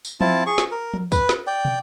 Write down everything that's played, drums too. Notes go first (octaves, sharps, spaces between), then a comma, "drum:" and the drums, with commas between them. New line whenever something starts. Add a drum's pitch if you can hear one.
drum: tambourine
C4 E4 F4 A5, drum: tom F3
G#4 C#6
drum: snare
A#4
drum: tom F3
B4, drum: kick, tambourine
drum: snare
D5 G5
drum: tom